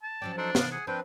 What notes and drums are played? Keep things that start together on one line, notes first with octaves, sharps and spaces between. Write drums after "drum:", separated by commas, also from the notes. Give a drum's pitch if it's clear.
A5
F3 F#3 C#4 D5 G5
D4 D#4 A4 C5
C3 D#3 E3 B3 B4 F5, drum: snare
G#4 F#5
F3 C4 D4 B4 G5